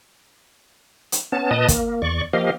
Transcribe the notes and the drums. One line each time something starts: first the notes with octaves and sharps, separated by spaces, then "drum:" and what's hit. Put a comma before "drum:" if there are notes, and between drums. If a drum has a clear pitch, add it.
drum: hi-hat
B3 C#4 A5
A#2 B4 D#5 A5 D#6
A#3, drum: kick, hi-hat
E2 D5 C#6
F3 A#3 G4 D#5 F5